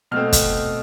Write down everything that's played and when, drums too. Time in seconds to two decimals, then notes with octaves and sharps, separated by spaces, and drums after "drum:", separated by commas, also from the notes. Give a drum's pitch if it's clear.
0.11 B2 A3 C4 F6
0.32 drum: kick, hi-hat